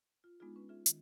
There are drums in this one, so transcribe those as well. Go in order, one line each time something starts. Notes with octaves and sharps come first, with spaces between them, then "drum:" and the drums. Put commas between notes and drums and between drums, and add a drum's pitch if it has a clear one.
F4
G#3 B3 D4 D#4 F4 G#4
C#4 B4
F4 G#4 E5
D#3, drum: hi-hat